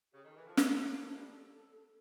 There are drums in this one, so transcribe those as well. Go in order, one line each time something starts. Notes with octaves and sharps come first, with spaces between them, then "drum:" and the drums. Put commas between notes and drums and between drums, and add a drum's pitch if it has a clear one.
C#3 G4
D#3 A4
E3 A#4
F3 A4
F#3 A4, drum: snare
F3 A#4
F#3
E3 A#4
F3 A4
G3